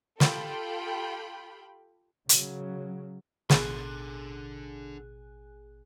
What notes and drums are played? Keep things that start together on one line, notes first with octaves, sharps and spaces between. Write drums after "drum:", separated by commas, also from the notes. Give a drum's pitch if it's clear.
F4 G4 A4 G5 B5, drum: snare
C#3 F#3, drum: hi-hat
A1 B2 D3 G#4 G#5 C6 F#6, drum: snare